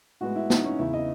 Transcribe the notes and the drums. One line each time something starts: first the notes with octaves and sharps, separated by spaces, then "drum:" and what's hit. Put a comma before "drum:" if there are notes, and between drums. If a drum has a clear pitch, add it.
A2 G#3 B3 F#4
E4
D#4, drum: snare
C#4
E2 C#3 E3 E4
D#5